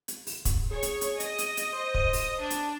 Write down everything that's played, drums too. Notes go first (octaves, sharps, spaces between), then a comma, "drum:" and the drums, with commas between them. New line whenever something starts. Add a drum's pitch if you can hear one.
drum: hi-hat
drum: open hi-hat
drum: kick, hi-hat
G#4 C#5
drum: hi-hat
drum: hi-hat
D#5, drum: hi-hat
drum: hi-hat
drum: hi-hat
C5
drum: kick
drum: open hi-hat
D4
drum: hi-hat